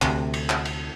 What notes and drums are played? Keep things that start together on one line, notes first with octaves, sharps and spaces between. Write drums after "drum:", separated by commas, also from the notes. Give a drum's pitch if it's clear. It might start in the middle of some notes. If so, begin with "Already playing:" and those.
D2 C3, drum: clap
drum: cymbal
drum: clap
drum: cymbal